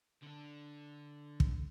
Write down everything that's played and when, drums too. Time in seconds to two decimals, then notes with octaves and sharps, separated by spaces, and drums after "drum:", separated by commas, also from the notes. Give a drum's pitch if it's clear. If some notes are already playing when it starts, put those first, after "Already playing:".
0.23 D3 D4
1.40 drum: kick